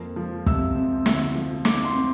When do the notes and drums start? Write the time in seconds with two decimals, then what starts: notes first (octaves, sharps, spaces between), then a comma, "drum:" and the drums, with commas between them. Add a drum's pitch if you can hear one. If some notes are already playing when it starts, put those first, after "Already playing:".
Already playing: F2 A#3
0.16 F3
0.47 C3 E6, drum: kick
0.75 C4
1.06 D2, drum: snare
1.35 F3
1.65 D3 D6, drum: snare
1.84 C6
1.94 C4